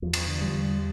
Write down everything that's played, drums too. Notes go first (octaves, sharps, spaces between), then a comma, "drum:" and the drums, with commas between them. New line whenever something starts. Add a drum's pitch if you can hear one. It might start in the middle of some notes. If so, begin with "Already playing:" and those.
E2 F3
drum: cymbal
D3
G3
E2